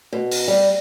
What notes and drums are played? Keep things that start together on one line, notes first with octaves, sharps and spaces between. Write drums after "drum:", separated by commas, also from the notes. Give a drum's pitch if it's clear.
B2
drum: open hi-hat
G3